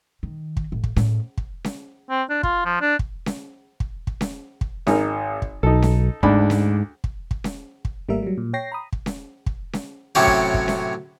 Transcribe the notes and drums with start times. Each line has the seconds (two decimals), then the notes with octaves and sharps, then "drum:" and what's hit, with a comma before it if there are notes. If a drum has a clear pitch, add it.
0.23 D#3
0.57 drum: kick
0.72 A1
0.84 drum: kick
0.96 A2, drum: snare C#4
1.38 drum: kick
1.64 drum: snare C#4
2.10 C4
2.30 D4
2.43 F4, drum: kick
2.66 F3
2.81 D4
2.99 drum: kick
3.26 drum: snare C#4
3.80 drum: kick
4.07 drum: kick
4.21 drum: snare C#4
4.61 drum: kick
4.87 G#1 D#4 A#4, drum: snare C#4
5.42 drum: kick
5.63 B1 D#4 A4
5.82 drum: snare C#4
6.23 D2 G#2 D4 B5, drum: kick
6.50 drum: snare C#4
7.04 drum: kick
7.31 drum: kick
7.44 drum: snare C#4
7.85 drum: kick
8.09 G#1 G3 A3 A#3 A#4 E5
8.23 F#3 G3
8.38 A#2
8.53 C#5 G5 A#6 C7
8.72 A#5 B5 D#6
8.93 drum: kick
9.06 drum: snare C#4
9.46 drum: kick
9.73 drum: snare C#4
10.15 A2 C3 F#3 C#4 G4
10.27 drum: kick
10.54 drum: kick
10.68 drum: snare C#4